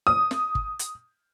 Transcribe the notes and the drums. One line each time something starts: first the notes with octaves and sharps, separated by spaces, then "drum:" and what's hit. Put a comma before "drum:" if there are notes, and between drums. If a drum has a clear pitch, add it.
D#6
drum: snare
drum: kick
drum: hi-hat